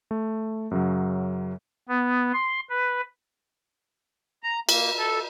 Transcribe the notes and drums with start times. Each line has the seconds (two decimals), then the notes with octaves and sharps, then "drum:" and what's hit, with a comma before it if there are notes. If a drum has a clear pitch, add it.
0.11 A3
0.71 F#2 C#3 F#3
1.89 B3
2.33 C6
2.70 B4
4.43 A#5
4.69 A#3, drum: cymbal
4.98 A4